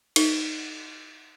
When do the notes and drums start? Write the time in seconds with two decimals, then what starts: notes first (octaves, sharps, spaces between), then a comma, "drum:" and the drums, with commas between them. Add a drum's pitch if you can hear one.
0.16 D#4, drum: cymbal